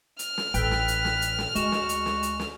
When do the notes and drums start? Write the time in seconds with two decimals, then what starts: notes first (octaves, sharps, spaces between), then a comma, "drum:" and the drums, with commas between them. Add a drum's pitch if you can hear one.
0.19 F6, drum: hi-hat
0.38 drum: snare
0.54 A1 A4 B4 G5, drum: hi-hat
0.71 drum: snare
0.88 drum: hi-hat
1.05 drum: snare
1.22 drum: hi-hat
1.39 drum: snare
1.55 D2 G#3 F#4 E7, drum: hi-hat
1.72 drum: snare
1.89 drum: hi-hat
2.06 drum: snare
2.23 drum: hi-hat
2.39 drum: snare